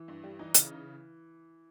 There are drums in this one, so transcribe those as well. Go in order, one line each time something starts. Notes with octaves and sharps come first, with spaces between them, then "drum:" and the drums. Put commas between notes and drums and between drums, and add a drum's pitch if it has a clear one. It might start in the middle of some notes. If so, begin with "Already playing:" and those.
Already playing: E3
G2
G3
E3 D#4
C#3, drum: hi-hat